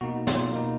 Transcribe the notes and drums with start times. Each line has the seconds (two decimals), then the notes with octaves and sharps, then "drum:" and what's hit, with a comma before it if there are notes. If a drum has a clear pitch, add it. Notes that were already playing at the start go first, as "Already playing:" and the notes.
0.01 B2 A#3 D#4 F#4
0.27 F4, drum: snare
0.52 B2 A#3 D#4